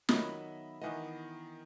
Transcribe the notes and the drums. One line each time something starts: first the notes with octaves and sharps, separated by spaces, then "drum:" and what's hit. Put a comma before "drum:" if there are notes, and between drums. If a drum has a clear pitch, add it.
D#3 F#3 B3 D#5 E5 B5, drum: snare
D#3 E3 B3 D#5